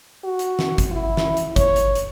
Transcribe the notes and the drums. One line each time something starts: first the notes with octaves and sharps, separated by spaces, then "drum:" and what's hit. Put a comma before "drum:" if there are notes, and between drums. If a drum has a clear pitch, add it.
F#4
drum: hi-hat
drum: snare
drum: kick G1, hi-hat
E4
drum: snare
drum: hi-hat
C#5, drum: kick G1, hi-hat
drum: hi-hat
drum: hi-hat